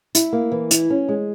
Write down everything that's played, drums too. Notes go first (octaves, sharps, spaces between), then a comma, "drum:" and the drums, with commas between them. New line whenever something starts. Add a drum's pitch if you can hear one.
E4, drum: hi-hat
A#3
E3
E4, drum: hi-hat
C#4
G#3